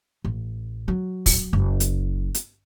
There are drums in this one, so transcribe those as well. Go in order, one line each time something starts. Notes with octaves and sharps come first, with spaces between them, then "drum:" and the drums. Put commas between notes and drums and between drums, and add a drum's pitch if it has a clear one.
A1
F#3
drum: kick, open hi-hat
F#1
drum: hi-hat
drum: hi-hat